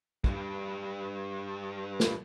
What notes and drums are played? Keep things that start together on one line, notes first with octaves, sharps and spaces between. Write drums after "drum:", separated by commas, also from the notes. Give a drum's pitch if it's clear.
C#2 G2, drum: kick
drum: snare